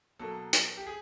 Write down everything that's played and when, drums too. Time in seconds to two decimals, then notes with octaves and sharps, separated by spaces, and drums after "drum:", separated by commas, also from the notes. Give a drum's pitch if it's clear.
0.19 B2 F#3 A#3 A4
0.53 drum: hi-hat
0.77 G4
0.86 G#4